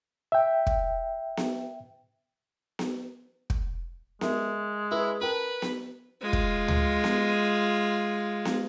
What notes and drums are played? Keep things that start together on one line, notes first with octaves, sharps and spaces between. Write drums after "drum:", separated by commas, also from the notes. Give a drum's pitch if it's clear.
E5 G5
drum: kick
drum: snare B3
drum: snare B3
drum: kick
G#3 A#4 E5, drum: snare B3
E4 G#4 B4
A#4 B4 G5 A5
drum: snare B3
G#3 F4
drum: kick
drum: tom C#2
drum: snare B3
drum: snare B3